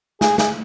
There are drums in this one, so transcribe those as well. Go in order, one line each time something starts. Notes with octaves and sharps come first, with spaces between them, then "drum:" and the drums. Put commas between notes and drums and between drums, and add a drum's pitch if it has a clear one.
G#4, drum: snare
G#4, drum: snare